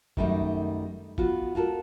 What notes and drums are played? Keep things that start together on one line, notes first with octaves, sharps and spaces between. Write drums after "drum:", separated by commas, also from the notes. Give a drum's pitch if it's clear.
F#2 D#3 G3 A3 B3 D#4, drum: kick
B3 F4 F#4, drum: kick
F4 F#4 A4 A#4